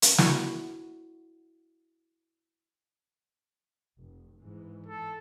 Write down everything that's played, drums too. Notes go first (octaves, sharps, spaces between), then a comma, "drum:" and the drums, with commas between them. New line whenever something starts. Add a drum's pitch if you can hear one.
drum: hi-hat
D4 E4 F#4 F#5 A#5 C#6, drum: snare
F1
G#2 E3
A4